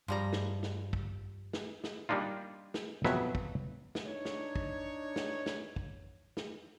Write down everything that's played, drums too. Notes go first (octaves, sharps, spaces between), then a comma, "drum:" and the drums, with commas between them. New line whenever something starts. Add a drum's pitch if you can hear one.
G2 F3 G3 A#5
drum: snare
drum: snare
drum: kick
drum: snare
drum: snare
G3 A#3 D4 D#4 F4
drum: snare
F2 B2 F#3 B3 E5, drum: snare
drum: kick
drum: snare
D4 D#4 C#5
drum: snare
drum: kick
drum: snare
drum: snare
drum: kick
drum: snare